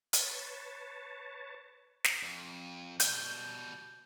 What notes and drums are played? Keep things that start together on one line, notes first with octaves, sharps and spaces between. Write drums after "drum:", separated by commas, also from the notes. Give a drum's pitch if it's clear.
B4 C#5 A5, drum: hi-hat
drum: snare
F2
B2 G3 G6, drum: hi-hat